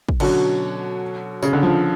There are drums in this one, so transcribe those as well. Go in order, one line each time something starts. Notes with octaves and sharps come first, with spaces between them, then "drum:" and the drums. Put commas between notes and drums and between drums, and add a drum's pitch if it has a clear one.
drum: kick
B2 D3 F#3 C#4, drum: cymbal
C#3, drum: tambourine
D3
F3